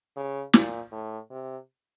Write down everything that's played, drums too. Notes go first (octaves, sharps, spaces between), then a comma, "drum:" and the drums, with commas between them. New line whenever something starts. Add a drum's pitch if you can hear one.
C#3
A#2, drum: snare
A2
C3